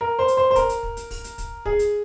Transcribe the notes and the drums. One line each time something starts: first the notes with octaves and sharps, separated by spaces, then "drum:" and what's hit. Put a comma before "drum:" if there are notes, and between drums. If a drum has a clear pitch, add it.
A#4
C5
drum: hi-hat
C5
C5
A#4, drum: kick, hi-hat
drum: hi-hat
drum: kick
drum: hi-hat
drum: kick, open hi-hat
drum: hi-hat
drum: kick, hi-hat
G#4, drum: kick
drum: hi-hat